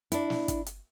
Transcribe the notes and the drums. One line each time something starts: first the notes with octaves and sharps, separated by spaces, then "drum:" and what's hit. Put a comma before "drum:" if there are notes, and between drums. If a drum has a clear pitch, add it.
D4 E4, drum: hi-hat
drum: snare
drum: kick, hi-hat
drum: hi-hat